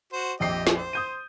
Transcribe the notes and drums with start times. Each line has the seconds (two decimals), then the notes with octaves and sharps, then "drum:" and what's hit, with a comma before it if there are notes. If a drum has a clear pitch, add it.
0.13 F#4 C5
0.40 A#1 F2 G4 D#5 C7
0.67 drum: snare
0.77 C5
0.93 D#6 G6 D#7